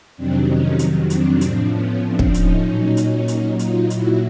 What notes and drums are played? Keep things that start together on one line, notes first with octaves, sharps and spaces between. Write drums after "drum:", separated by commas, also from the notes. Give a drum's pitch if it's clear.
F2 C3 D#3 F#3 C4 D4
C#4 D#4
drum: hi-hat
C4 D4, drum: hi-hat
A2 F3, drum: hi-hat
B3 C#4
C4 D4
drum: kick
C#4 D#4, drum: hi-hat
A#2 F#3
drum: hi-hat
drum: hi-hat
D#4 F4, drum: hi-hat
A#2 F#3 E4 F#4, drum: hi-hat